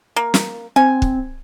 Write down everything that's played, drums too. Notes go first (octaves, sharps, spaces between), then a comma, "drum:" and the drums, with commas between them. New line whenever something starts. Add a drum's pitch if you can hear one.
A#3
drum: snare
C4 G#5
drum: kick